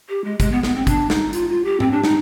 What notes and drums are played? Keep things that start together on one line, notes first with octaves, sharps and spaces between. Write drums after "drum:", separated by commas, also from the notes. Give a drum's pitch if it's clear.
G4
G#3
G#3, drum: kick, hi-hat
B3
B3, drum: snare
C4
D4, drum: kick, hi-hat
D#4, drum: snare
F4, drum: hi-hat
F4
G4
C4, drum: tom G#2
D4
D#4, drum: snare